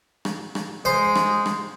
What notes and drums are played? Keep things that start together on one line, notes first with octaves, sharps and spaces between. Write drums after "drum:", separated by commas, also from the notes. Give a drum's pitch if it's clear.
drum: rim click
drum: rim click
G#3 C5
drum: rim click
drum: rim click